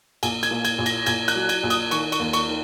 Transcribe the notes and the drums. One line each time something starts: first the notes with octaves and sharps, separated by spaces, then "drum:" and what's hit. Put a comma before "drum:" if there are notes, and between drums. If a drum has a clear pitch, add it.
A#1 G#5, drum: cymbal
G#6, drum: cymbal
A#2
G#6, drum: cymbal
A#1
A#6, drum: cymbal
A#1 G#6, drum: cymbal
F#6, drum: cymbal
F#3
G#6, drum: cymbal
A#1
D#6, drum: cymbal
D#3 C#6, drum: cymbal
C#6, drum: cymbal
D#2
C#6, drum: cymbal
D#3